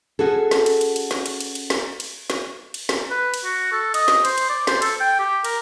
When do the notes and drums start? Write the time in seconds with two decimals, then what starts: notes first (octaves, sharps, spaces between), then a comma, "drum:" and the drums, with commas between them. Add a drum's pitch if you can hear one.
0.19 C#4 F#4 G#4 A4
0.51 drum: snare
0.66 drum: cymbal
0.81 drum: cymbal
0.96 drum: cymbal
1.11 drum: snare
1.26 drum: cymbal
1.40 drum: cymbal
1.55 drum: cymbal
1.70 drum: snare
2.00 drum: cymbal
2.30 drum: snare
2.74 drum: cymbal
2.89 drum: snare
3.11 B4
3.34 drum: cymbal
3.44 F#4
3.72 A4
3.94 D#5, drum: cymbal
4.08 drum: snare
4.25 C5, drum: cymbal
4.38 drum: cymbal
4.49 D5
4.67 C5, drum: snare
4.82 A4, drum: cymbal
5.00 G5
5.19 G4
5.44 A#4, drum: cymbal